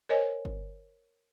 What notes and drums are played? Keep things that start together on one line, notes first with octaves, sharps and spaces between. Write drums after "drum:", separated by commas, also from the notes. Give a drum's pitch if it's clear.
A#4 C5 C#5 D#5 G#5
drum: kick G1